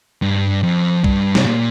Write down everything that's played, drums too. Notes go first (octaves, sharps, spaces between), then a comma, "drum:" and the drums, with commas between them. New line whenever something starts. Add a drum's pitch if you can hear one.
G2
F2
G2, drum: kick B1
C3, drum: snare
A#2